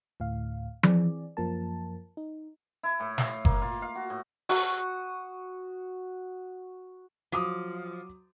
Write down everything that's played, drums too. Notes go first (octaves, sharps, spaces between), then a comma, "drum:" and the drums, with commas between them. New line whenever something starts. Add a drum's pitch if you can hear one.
D2 A2 F5
E3 C4 G#4 D5, drum: tom F3
F#2 F3 A#3 A#4 A5
D#4
E4
A2
F5, drum: snare
A#3, drum: kick F#1
F4
F5
F#4
A2
F#4 C#6 D#6, drum: open hi-hat
F3 F#3 D6 D#6